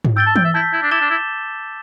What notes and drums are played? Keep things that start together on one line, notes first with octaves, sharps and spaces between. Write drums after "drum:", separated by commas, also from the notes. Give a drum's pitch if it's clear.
drum: tom G#2
G5 E6 A6 G7
A5
G5, drum: tom E3
E5
E4 A5 G6 B6
E4
D4
E4 D6 A6 E7 G7
D4
E4